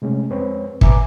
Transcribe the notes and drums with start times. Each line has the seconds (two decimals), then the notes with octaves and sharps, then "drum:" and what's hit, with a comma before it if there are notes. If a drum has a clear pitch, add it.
0.02 C3 G#3 A3 C#4
0.30 F2 G#3 C4 B4 C#5
0.81 B4 E5 G#5 A#5 D6, drum: kick